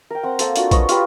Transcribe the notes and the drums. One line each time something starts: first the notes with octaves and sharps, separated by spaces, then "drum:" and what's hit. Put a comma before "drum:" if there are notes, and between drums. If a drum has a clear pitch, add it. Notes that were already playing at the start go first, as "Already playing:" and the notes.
A#4 G5
C4 F#5
A#3 A4 C5, drum: hi-hat
D4 F4 F#4, drum: hi-hat
B4 C#5 D#5, drum: kick A#1, hi-hat
F4 G4 B4, drum: hi-hat